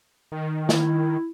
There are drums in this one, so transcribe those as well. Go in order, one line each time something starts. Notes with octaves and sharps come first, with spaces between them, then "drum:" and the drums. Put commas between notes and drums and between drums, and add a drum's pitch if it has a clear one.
D#3
E4, drum: snare